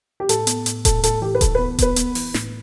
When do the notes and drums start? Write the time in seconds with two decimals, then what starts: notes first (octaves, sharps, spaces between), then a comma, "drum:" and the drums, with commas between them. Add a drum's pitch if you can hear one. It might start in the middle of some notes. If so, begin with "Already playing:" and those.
0.20 G4
0.29 A2 A4, drum: hi-hat
0.47 B3, drum: hi-hat
0.66 A2, drum: hi-hat
0.85 A2 A4, drum: kick D#1, hi-hat
1.03 A2 A4, drum: hi-hat
1.21 E3 G4
1.35 B4
1.41 E3 A4, drum: kick D#1, hi-hat
1.55 B3 B4
1.79 B3 B4, drum: kick D#1, hi-hat
1.96 B3, drum: hi-hat
2.15 E3, drum: open hi-hat
2.34 A2, drum: snare